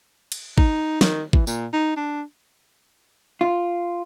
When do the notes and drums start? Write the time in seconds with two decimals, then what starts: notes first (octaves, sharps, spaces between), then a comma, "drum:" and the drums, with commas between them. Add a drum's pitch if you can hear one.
0.32 drum: cymbal
0.58 D#4, drum: kick
1.01 D#3, drum: snare
1.33 E3, drum: kick
1.47 A#2, drum: tambourine
1.73 D#4
1.96 D4
3.41 F4